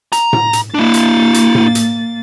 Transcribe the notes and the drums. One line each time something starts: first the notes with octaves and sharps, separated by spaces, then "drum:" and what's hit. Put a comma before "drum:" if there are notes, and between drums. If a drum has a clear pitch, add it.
A#5, drum: hi-hat
drum: tom A2
drum: hi-hat
A#3 D4 E4 A6
drum: hi-hat
drum: hi-hat
drum: tom A2
drum: hi-hat